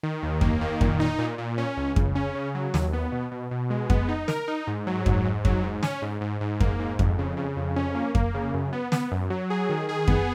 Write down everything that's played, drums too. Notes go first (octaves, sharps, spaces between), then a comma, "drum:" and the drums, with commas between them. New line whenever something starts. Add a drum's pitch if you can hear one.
D#3
D#2
A#3, drum: kick F2
D#3
A#2, drum: kick F2
D#4
A#2
A#2
C#4
C#2
C#3, drum: kick F2
C#4
C#3
F#3
D#2, drum: snare
B3
B2
B2
B2
G#3
B3, drum: kick F2
D#4
A#4, drum: snare
D#4
G#2
F#3
G#2, drum: kick F2
G#2
F#3, drum: kick F2
G#2
C#4, drum: snare
G#2
G#2
G#2
A#3, drum: kick F2
G#2
F2, drum: kick F2
C#3
C#3
F2
C#4
A#3
A#3, drum: kick F2
C#3
F#2
B3
B3, drum: snare
F#2
F#3
G#4
D#3
G#4
B3, drum: kick F2